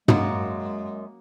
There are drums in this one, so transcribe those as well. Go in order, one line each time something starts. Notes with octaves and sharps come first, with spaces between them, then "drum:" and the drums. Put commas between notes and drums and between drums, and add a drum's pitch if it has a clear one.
F#2 G#3 A#3 F#4, drum: tom